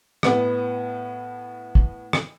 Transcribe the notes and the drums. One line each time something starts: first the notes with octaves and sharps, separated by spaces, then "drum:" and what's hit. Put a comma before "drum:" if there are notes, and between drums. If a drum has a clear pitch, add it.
A2 B3, drum: rim click
drum: kick
drum: rim click